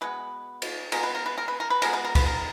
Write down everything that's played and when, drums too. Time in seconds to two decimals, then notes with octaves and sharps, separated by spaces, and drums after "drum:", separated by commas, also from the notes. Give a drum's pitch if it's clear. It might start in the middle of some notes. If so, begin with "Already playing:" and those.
0.01 B2 G#3 B3 B4
0.62 drum: cymbal
0.92 B2 G#3 B3 A#4, drum: cymbal
1.03 B4
1.15 A#4
1.26 B4
1.38 A#4
1.48 B4
1.60 A#4
1.70 B4
1.82 B2 G#3 B3 A#4, drum: cymbal
1.93 B4
2.05 A#4
2.15 B4, drum: kick, cymbal
2.26 A#4